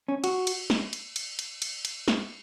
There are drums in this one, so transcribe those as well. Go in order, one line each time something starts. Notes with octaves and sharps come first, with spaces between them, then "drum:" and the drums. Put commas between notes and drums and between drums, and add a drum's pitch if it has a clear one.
C#4
F#4, drum: cymbal
drum: cymbal
drum: snare
drum: cymbal
drum: cymbal
drum: cymbal
drum: cymbal
drum: cymbal
drum: snare